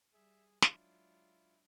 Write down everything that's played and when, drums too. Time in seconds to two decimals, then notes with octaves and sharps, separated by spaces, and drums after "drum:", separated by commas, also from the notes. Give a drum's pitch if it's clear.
0.14 G3 G#4 E5
0.62 F#3 G#3 D4 E4 F4, drum: snare